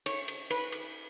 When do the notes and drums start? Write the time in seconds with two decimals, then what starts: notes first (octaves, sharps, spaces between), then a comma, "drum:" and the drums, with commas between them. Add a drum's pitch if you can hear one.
0.06 C#5, drum: cymbal
0.28 drum: cymbal
0.50 B4, drum: cymbal
0.72 drum: cymbal